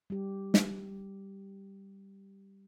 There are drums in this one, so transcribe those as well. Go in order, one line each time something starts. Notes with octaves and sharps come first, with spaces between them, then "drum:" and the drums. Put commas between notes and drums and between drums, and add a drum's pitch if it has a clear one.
G3 G4
drum: snare